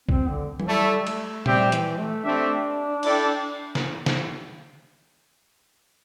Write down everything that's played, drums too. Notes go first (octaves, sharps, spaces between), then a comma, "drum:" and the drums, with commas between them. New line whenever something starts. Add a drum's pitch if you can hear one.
C4, drum: kick
D3
E3, drum: tom F#3
G3 A3 E4 A4
G3
A3, drum: cymbal
G3 C4 G4 E5 G5, drum: tom A#2
E3, drum: hi-hat
A3
A3 C4 D4 G4 E5
E4 A4 D5 G5, drum: cymbal
drum: snare
drum: snare